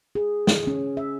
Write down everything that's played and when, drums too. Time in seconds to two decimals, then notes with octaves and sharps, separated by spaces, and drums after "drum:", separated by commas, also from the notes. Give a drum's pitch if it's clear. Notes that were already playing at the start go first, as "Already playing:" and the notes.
0.15 G#4
0.47 drum: snare
0.67 C#4
0.97 E5